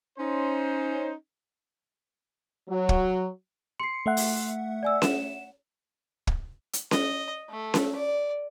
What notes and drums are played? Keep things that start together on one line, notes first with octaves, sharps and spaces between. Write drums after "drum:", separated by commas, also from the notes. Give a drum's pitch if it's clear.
C#4 D#4 C5
F#3
drum: kick
C6 C7 C#7
A3 E5 F#5
drum: open hi-hat
D5 G#5 E6
E7, drum: snare C#4
drum: kick
drum: hi-hat
D#5, drum: snare C#4
A3
drum: snare C#4
D5